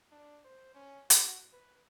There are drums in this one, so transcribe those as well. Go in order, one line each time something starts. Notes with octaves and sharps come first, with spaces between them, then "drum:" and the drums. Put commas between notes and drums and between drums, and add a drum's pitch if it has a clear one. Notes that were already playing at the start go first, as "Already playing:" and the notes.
D4
C5
C#4
F#4, drum: hi-hat
B4